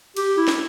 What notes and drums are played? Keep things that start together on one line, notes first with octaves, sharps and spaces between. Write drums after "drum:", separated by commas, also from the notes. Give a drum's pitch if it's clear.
G4, drum: cymbal
E4
drum: snare